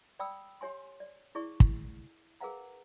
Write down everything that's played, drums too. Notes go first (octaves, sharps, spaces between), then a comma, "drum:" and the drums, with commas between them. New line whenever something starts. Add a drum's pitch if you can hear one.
D5 G5 B5 D#6 E6
G4 C#5 G#5 C6
D5
E4 G#4 D5 C#6
drum: kick
G#4 A#4 B4 F5 F#5 A#5